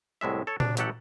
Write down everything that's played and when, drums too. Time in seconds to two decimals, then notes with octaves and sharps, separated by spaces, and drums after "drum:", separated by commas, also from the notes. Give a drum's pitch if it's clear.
0.21 C2 A2 G#3 E5
0.47 A4 C#5
0.60 D4, drum: tom A#2
0.77 A1 F#3 G4 A4 F#5, drum: hi-hat